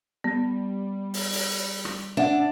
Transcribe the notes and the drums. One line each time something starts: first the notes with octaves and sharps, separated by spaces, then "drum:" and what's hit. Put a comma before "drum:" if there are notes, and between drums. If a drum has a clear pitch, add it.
G3 B3
drum: open hi-hat
drum: open hi-hat
drum: rim click
D4 E5 F#5